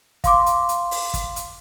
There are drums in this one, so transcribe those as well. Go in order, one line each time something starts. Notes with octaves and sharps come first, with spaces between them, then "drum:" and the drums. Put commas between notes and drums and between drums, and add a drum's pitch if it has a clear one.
F5 C6 D6, drum: kick, hi-hat
drum: hi-hat
drum: hi-hat
drum: open hi-hat
drum: kick, hi-hat
drum: hi-hat